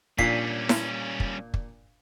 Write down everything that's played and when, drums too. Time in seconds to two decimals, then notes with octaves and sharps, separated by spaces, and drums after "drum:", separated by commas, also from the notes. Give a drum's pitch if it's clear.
0.19 A#2 G3 C#4 D4 B6 C7, drum: kick
0.69 drum: snare E4
1.20 drum: kick
1.54 drum: kick